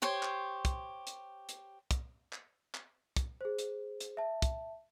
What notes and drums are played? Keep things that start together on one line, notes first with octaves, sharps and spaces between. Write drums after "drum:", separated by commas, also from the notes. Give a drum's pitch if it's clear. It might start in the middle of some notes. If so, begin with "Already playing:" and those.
G4 C5 C#5 C6
drum: clap
drum: kick, hi-hat
drum: hi-hat
drum: hi-hat
drum: kick, hi-hat
drum: clap
drum: clap
drum: kick, hi-hat
G#4 C5
drum: hi-hat
drum: hi-hat
E5 A5
drum: kick, hi-hat